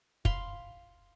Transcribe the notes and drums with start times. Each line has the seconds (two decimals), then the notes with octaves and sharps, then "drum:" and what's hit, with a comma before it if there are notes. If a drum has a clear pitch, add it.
0.25 F5 B5 C6, drum: kick